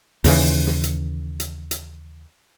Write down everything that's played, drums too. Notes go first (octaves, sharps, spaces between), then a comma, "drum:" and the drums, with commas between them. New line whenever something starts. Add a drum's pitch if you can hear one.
D#2 C#3 E3, drum: open hi-hat
drum: snare
drum: hi-hat
drum: hi-hat
drum: hi-hat